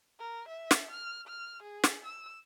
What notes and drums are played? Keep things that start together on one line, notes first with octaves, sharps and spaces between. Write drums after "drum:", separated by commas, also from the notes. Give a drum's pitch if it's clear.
A#4
E5
drum: snare
F6
F6
G#4
drum: snare
E6